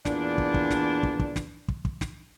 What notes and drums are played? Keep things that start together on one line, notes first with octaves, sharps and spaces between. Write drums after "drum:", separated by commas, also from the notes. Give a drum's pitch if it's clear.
E2 A#2 D4, drum: snare
drum: kick
drum: kick
drum: snare
drum: kick
drum: kick
drum: snare
drum: kick
drum: kick
drum: snare